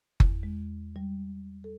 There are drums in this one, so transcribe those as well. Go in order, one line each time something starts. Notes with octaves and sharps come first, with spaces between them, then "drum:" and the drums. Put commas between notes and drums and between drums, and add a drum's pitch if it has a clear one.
E2, drum: kick F#1
G#3
G3
A4